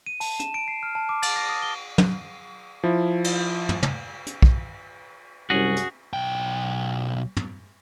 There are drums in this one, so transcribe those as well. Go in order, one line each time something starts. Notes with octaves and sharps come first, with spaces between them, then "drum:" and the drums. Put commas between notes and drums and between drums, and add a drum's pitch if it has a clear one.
D#7
A5, drum: open hi-hat
E7, drum: hi-hat
D7
C7
F6
A5
D6
A6, drum: cymbal
A#6
D#6
G7
drum: tom
F3 E4
drum: cymbal
drum: tom
drum: tom
drum: hi-hat
drum: kick
C2 F#2 C#4 F#4 G#4
drum: hi-hat
B1 G5
drum: tom